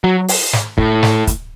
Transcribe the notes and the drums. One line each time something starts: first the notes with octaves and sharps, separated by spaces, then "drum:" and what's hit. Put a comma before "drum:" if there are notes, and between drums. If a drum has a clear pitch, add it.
F#3
drum: open hi-hat
drum: snare
A2, drum: kick
drum: snare
drum: kick, hi-hat